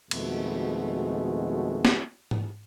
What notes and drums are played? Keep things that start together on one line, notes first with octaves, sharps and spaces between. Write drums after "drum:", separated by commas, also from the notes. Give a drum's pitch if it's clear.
F2 B2 D#3 G#3 A3 F#4, drum: cymbal
drum: snare
drum: tom G#2